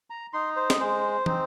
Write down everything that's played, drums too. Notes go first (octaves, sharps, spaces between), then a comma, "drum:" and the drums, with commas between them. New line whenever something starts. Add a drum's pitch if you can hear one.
A#5
D#4 C6
C5
D#5, drum: snare
G#3 C5
C4 D#4, drum: tom